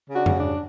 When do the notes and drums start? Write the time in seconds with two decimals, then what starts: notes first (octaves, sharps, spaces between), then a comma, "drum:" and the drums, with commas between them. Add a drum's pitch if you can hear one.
0.09 C#3
0.15 D4 F#4
0.26 C#3, drum: tom F2
0.38 D4
0.44 G3